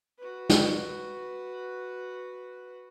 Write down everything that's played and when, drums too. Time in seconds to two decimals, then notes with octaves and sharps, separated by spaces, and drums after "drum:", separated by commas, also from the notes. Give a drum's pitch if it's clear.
0.18 F#4 B4
0.49 drum: snare